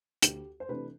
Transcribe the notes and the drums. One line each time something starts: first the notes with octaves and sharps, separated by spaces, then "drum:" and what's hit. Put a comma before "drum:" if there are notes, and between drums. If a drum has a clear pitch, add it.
D2 G4, drum: hi-hat
C5
C3 E3 A3 D4 B4